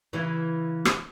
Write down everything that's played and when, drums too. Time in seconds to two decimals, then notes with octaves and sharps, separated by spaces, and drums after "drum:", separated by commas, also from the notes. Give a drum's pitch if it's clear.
0.13 C#3 E3
0.85 drum: rim click